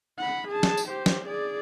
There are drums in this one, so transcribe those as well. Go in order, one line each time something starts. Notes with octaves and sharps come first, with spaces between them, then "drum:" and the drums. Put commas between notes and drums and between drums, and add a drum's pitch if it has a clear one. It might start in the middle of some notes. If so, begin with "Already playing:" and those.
F#5 B5
G#4 A5
drum: snare
drum: tambourine
G4 C5
drum: snare
G#4 D5